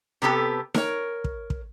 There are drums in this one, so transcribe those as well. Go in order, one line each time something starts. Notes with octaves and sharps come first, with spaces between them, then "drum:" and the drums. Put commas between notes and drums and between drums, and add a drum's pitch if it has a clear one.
C3 B3 G4 A4
A#4 C#5, drum: snare D#4
drum: kick
drum: kick